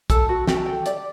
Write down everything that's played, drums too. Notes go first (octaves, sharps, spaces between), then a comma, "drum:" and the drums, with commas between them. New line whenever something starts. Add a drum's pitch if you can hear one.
A4 A5, drum: kick, hi-hat
F#4
F#4 G5, drum: snare
A5
A4 G5
G4 D5, drum: hi-hat